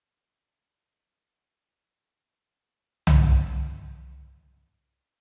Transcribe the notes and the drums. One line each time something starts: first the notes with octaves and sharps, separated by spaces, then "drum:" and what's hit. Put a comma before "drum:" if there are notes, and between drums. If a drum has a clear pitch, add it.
A#4 D5 D#5 G5 A5 B5
drum: tom C2
B5 G6 C7
G5 C6